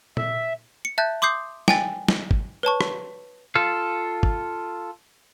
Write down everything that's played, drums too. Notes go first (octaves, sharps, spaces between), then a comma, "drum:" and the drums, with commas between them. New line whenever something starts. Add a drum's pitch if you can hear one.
E5, drum: tom A#2
C#7
E5 A5 F#6 G6 A6
C6 D6 D#6 G6 C7
G5 G#5 A6, drum: snare
drum: snare
drum: kick
B4 C#5 A5 C#6
drum: rim click
F4 A4 F5
drum: kick